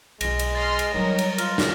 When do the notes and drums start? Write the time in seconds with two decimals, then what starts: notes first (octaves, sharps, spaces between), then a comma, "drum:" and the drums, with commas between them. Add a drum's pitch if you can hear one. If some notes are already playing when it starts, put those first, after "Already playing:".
0.21 B1 G#3 F4 A#6, drum: cymbal
0.39 drum: cymbal
0.55 D#5 C6 F6 A6
0.79 drum: cymbal
0.94 D#3 F#3 G3 A#4 C#5 D#5
1.19 drum: cymbal
1.38 F4 F6, drum: cymbal
1.58 drum: snare